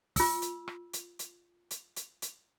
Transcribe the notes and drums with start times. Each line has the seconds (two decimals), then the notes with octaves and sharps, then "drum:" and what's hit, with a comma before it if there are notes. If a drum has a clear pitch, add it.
0.16 F4 E6, drum: kick, open hi-hat
0.42 drum: hi-hat
0.68 drum: rim click
0.93 drum: hi-hat
1.19 drum: hi-hat
1.71 drum: hi-hat
1.96 drum: hi-hat
2.22 drum: hi-hat